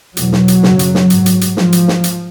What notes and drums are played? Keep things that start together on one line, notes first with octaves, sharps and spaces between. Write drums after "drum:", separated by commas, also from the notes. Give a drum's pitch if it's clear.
E2 B2 F#3, drum: hi-hat
drum: snare
drum: hi-hat
F#2 C#3, drum: snare
drum: hi-hat
drum: snare
G#2, drum: hi-hat
drum: hi-hat
drum: hi-hat
G#2 F3, drum: snare
drum: hi-hat
drum: snare
drum: hi-hat